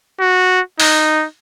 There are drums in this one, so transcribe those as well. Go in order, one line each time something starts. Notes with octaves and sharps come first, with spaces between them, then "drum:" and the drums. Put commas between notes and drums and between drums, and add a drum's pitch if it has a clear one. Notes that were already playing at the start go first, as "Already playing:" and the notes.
F#4
D#4, drum: open hi-hat